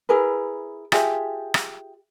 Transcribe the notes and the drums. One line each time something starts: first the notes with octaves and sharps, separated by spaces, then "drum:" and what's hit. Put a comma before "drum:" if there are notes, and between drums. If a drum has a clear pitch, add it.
E4 G#4 A#4 B4
F4 G4 G#4 E5, drum: rim click
drum: rim click